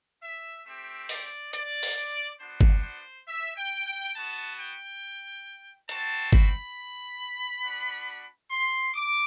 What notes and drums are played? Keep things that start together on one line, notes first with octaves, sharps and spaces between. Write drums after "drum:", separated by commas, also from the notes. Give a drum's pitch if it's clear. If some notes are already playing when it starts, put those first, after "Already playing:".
E5
A3 C4 G4 E5
D5, drum: open hi-hat
D5, drum: hi-hat
drum: open hi-hat
B3 D4 F#4 C5
drum: kick G1
C5
E5
G5
G5
B3 F#4 A5
G5
C4 F#4 A5, drum: hi-hat
B5, drum: kick G1
B3 D4 F#4
C6
D6